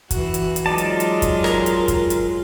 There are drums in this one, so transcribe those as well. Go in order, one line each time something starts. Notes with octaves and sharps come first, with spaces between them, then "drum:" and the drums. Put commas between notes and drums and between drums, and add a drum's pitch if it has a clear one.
E3 F#4, drum: kick, hi-hat
drum: hi-hat
drum: hi-hat
F#3 G#3 D#4 F4 D5 A5
drum: hi-hat
drum: hi-hat
drum: kick, hi-hat
A#4, drum: rim click
drum: hi-hat
drum: kick, hi-hat
drum: hi-hat